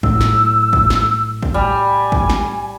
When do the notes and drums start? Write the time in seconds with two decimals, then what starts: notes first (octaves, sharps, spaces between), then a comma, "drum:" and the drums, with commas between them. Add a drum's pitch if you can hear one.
0.03 A2 F#3 E6, drum: kick
0.21 drum: snare
0.73 drum: kick
0.90 drum: snare
1.43 drum: kick
1.54 G3 G#5
2.12 drum: kick
2.30 drum: snare